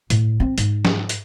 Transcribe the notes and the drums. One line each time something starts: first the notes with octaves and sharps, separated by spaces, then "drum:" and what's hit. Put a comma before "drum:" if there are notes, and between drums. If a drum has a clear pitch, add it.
A2, drum: hi-hat
C4
G#2, drum: hi-hat
drum: snare
drum: hi-hat